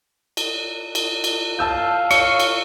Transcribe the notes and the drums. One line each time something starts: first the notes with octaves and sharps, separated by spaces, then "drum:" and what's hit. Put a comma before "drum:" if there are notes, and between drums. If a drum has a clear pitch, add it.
drum: cymbal
drum: cymbal
drum: cymbal
F5 A5 E6 G6
C#5 C#6 E6, drum: cymbal
drum: cymbal